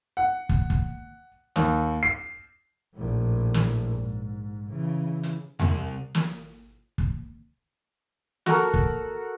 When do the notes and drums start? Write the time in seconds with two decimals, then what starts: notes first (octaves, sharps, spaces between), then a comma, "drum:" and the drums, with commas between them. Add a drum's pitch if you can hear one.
0.17 F#5
0.49 drum: kick
0.70 drum: kick
1.56 D#2, drum: snare
2.03 C7
2.95 A#1 A2
3.54 drum: snare
3.96 G#2
4.70 C#3 E3
5.23 drum: hi-hat
5.59 C2, drum: tom E2
6.15 drum: snare
6.98 drum: kick
8.46 F#4 A4 A#4 A#5, drum: snare
8.74 drum: kick